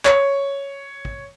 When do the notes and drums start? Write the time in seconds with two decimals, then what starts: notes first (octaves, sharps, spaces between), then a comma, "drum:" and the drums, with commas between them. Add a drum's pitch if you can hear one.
0.05 C#5, drum: clap
1.05 drum: kick